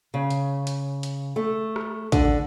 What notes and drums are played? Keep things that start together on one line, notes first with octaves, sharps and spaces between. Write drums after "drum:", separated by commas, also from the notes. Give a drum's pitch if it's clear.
C#3
drum: hi-hat
drum: hi-hat
drum: hi-hat
A3
drum: rim click
D3, drum: kick, hi-hat